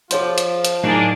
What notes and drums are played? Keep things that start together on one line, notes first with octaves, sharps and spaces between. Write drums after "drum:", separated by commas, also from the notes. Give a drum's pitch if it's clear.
F3 F4 G#4 C#5 C6, drum: hi-hat
drum: hi-hat
drum: hi-hat
A2 F#3 A#3 D4 D#4 G#4